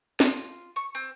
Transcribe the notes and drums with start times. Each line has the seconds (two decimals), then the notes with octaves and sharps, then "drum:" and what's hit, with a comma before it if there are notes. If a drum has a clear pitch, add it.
0.20 F4, drum: snare
0.76 C#6
0.95 C4